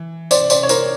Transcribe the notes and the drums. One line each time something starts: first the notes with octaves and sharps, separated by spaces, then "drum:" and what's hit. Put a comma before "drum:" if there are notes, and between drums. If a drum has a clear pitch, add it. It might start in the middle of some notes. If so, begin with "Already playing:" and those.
Already playing: E3
C5 D5, drum: tambourine
C5 D5, drum: tambourine
C#5
A#4 C5, drum: tambourine